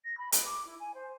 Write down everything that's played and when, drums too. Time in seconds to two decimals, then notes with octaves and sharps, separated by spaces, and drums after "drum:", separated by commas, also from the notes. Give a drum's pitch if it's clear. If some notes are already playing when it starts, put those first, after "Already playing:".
0.04 A#6
0.17 B5
0.32 B4, drum: hi-hat
0.45 D6
0.65 E4
0.79 G#5
0.94 C5